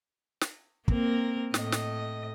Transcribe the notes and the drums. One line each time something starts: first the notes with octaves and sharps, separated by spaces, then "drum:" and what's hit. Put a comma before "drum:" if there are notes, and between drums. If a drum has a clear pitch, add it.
drum: snare
A#3 C4 A#4, drum: kick
A2 D#5, drum: snare
drum: snare